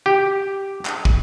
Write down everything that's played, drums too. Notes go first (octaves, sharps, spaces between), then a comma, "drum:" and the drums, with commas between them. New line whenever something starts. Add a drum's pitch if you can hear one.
G4
drum: clap
drum: kick